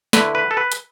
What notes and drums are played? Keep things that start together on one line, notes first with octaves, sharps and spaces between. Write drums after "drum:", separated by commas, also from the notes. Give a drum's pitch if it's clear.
D3 A3 E4 B4, drum: snare
B4
A4
B4
drum: hi-hat